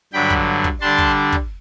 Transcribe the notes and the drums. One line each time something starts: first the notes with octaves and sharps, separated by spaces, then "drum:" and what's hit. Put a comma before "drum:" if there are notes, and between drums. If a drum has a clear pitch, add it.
G2 D3 F#3 G5 B5
drum: kick
drum: kick
D3 G3 D4 A5 C6
drum: kick
drum: kick